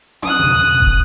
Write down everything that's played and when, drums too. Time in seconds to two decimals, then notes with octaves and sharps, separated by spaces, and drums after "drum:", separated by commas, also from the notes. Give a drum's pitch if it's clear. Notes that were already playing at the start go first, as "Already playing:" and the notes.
0.23 D#6 F#6, drum: tom
0.39 drum: tom
0.80 drum: kick E1